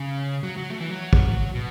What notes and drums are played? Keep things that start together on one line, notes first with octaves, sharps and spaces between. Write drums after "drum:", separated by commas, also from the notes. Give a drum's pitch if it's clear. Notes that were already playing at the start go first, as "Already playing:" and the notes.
Already playing: C#3
F#3
F#3
A3
E3
F#3
drum: kick
B2